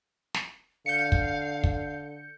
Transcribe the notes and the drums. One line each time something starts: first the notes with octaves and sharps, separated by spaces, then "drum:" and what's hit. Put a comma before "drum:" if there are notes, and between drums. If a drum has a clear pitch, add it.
drum: snare
D3 F5 G6 C#7
drum: kick
drum: kick